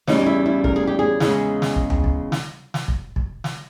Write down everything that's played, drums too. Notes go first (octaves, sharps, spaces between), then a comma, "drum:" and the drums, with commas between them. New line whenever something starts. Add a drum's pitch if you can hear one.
E2 C#3 G3 C#4 D#4, drum: snare
G4
E4
E4
A#4, drum: kick
G#4
G4
G#4
E2 C#3 G#3, drum: snare
drum: snare
drum: kick
drum: tom D2
drum: kick
drum: snare
drum: snare
drum: kick
drum: kick
drum: snare